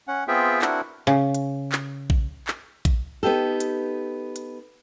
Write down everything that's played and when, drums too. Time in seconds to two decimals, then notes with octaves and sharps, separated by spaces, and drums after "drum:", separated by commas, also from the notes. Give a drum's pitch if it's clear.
0.08 C#4 F#5
0.28 B3 C4 F4 G#4 E5 G5
0.62 C4 D4 E4 F#4 A#4 F#5, drum: clap
1.07 C#3
1.35 drum: hi-hat
1.72 drum: clap
2.10 drum: kick A#1
2.47 drum: clap
2.85 drum: kick A#1, hi-hat
3.23 B3 D#4 G4 A4
3.60 drum: hi-hat
4.36 drum: hi-hat